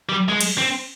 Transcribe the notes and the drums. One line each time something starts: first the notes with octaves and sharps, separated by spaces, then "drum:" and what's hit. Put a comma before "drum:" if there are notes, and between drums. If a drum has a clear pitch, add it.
G3
G#3
drum: cymbal
C4